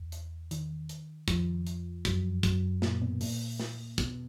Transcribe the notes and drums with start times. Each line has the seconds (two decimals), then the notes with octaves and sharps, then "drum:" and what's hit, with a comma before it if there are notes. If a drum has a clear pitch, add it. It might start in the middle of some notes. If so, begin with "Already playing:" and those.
Already playing: E2
0.12 drum: hi-hat
0.51 D#3, drum: hi-hat
0.89 drum: hi-hat
1.28 F2 F3, drum: kick, hi-hat
1.67 drum: hi-hat
2.05 F#2 F#3, drum: kick, hi-hat
2.43 F#2 F#3, drum: kick, hi-hat
2.82 A#2 A#3, drum: snare
3.01 B2 B3
3.21 A#2 A#3, drum: open hi-hat
3.59 drum: snare
3.98 B2 B3, drum: kick, hi-hat